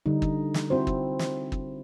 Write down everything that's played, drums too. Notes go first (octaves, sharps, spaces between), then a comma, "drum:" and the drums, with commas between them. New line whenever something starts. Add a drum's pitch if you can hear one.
D3 G3 D#4
drum: kick
drum: snare
C4 E4 F#4 C5
drum: kick
drum: snare
drum: kick